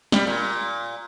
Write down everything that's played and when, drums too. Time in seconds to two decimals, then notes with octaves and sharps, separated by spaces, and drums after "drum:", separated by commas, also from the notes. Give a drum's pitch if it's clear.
0.12 G3, drum: snare
0.27 A#2